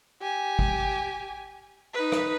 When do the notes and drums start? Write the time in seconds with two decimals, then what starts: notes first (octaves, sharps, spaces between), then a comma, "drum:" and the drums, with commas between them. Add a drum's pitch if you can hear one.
0.22 G4 G#5
0.59 drum: kick
1.94 D#4 B4
2.12 drum: rim click